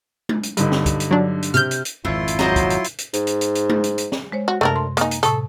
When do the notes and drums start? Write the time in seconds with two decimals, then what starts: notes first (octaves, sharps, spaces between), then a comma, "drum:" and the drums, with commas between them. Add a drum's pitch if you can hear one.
0.29 drum: tom G#3
0.43 drum: hi-hat
0.57 G2 D3 D#4, drum: hi-hat
0.72 drum: snare
0.86 drum: kick, hi-hat
1.00 drum: hi-hat
1.11 F#3 D4
1.43 drum: hi-hat
1.54 C3 F6 G6, drum: hi-hat
1.71 drum: hi-hat
1.85 drum: hi-hat
2.05 G#1 F2 A3 E4 F4 C6
2.28 drum: hi-hat
2.39 F#3 C5 D#5 A#5, drum: snare
2.56 drum: kick, hi-hat
2.70 drum: hi-hat
2.84 drum: hi-hat
2.99 drum: hi-hat
3.13 G#2, drum: hi-hat
3.27 drum: hi-hat
3.41 drum: hi-hat
3.55 drum: hi-hat
3.69 drum: tom G#3
3.84 drum: hi-hat
3.98 drum: hi-hat
4.12 drum: snare
4.32 G#3 C5 C#5
4.48 F#4
4.61 F#2 C3 A3 D4 A#4
4.76 C6
4.97 A#3 D#4 G#5 D#6, drum: hi-hat
5.11 drum: hi-hat
5.23 A2 C3 A4 D#6, drum: hi-hat